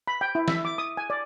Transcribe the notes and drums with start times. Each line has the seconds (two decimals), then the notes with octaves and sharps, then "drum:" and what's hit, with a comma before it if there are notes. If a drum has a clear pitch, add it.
0.07 B5
0.21 G5
0.35 E4
0.48 E5, drum: snare E3
0.65 D6
0.78 D#6
0.97 G#5
1.10 D5